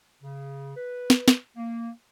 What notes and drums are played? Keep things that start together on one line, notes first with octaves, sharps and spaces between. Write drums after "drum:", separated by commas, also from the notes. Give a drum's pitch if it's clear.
C#3
B4
drum: snare
drum: snare
A#3